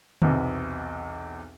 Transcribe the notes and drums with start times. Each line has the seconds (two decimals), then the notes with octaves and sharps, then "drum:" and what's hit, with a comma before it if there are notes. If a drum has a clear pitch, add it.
0.22 B1 E2 C3, drum: tom D3